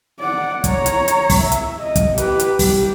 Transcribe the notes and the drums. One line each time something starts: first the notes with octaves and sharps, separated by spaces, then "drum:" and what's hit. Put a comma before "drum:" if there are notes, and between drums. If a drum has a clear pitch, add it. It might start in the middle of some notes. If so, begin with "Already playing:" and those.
D5 F#5
C#5 A#5, drum: kick, hi-hat
drum: hi-hat
drum: hi-hat
drum: kick, open hi-hat
E5
drum: hi-hat
D#5
drum: kick, hi-hat
G4 B4, drum: hi-hat
drum: hi-hat
G3 G4, drum: kick, open hi-hat